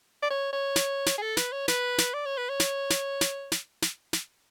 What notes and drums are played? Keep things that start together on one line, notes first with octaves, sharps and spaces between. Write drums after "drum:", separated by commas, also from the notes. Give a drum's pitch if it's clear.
D5
C#5
C#5
drum: snare
drum: snare
G#4
A4
B4, drum: snare
C#5
B4, drum: snare
drum: snare
D5
C#5
B4
C#5
drum: snare
drum: snare
drum: snare
drum: snare
drum: snare
drum: snare